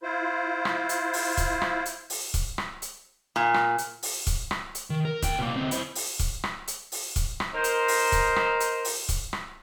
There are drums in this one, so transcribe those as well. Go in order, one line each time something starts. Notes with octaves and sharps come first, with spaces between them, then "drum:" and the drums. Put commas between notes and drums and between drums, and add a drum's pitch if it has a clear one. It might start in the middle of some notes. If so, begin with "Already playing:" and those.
E4 F4 C5
drum: rim click
drum: hi-hat
drum: open hi-hat
drum: kick, hi-hat
drum: rim click
drum: hi-hat
drum: open hi-hat
drum: kick, hi-hat
drum: rim click
drum: hi-hat
A#2
drum: rim click
drum: hi-hat
drum: open hi-hat
drum: kick, hi-hat
drum: rim click
drum: hi-hat
D#3
A#4
D2 G5, drum: kick, hi-hat
B2 A#3
D3 C4
E4 C5, drum: hi-hat
drum: open hi-hat
drum: kick, hi-hat
drum: rim click
drum: hi-hat
drum: open hi-hat
drum: kick, hi-hat
drum: rim click
D#4 A#4 C5
drum: hi-hat
drum: open hi-hat
drum: kick, hi-hat
drum: rim click
drum: hi-hat
drum: open hi-hat
drum: kick, hi-hat
drum: rim click